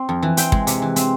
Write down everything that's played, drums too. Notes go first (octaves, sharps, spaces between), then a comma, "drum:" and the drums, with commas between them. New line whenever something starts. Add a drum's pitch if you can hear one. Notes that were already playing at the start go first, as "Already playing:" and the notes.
Already playing: C4
F2
E3
C4 G5, drum: hi-hat
G#3, drum: kick
C3, drum: hi-hat
E3
C4, drum: hi-hat